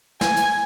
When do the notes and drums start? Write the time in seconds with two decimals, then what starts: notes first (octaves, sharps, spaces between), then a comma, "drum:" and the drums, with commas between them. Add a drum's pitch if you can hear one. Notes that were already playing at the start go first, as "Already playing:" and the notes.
0.21 G#5, drum: snare
0.36 drum: hi-hat